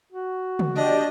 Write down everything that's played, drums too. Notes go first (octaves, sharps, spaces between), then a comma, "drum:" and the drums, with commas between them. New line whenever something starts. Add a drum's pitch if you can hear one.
F#4
drum: tom C#3
D4 G4 D5 D#5